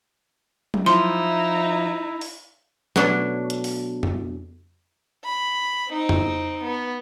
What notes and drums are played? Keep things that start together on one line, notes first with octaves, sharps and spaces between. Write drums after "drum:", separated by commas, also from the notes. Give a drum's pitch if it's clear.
drum: tom F#3
F3 D#4 E4 C6
drum: open hi-hat
B2 F#3 A3 D4 C#5, drum: snare
drum: hi-hat
drum: open hi-hat
drum: tom F2
B5
C4 D#4
drum: tom F2
B3